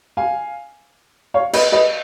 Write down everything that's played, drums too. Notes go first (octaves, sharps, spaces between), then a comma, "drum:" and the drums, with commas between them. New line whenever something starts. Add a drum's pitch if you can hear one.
F5 G#5
C#5 F5
B4 D#5, drum: cymbal
B4 D#5